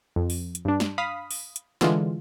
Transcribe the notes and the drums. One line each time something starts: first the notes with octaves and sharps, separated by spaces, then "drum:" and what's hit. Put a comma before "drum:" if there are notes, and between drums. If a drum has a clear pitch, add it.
F2
drum: open hi-hat
drum: hi-hat
G2 D4
drum: snare
F5 B5 D#6 B6
drum: open hi-hat
drum: hi-hat
D3 E3 G#3 F4, drum: snare